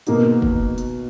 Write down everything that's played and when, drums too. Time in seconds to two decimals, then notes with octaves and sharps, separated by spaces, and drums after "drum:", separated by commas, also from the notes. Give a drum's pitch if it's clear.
0.07 B2 A#3 D#4 F#4, drum: hi-hat
0.42 drum: kick
0.78 drum: hi-hat